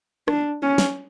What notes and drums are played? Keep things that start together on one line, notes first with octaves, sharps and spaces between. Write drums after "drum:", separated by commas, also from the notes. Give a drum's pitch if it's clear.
D4, drum: rim click
C#4
drum: snare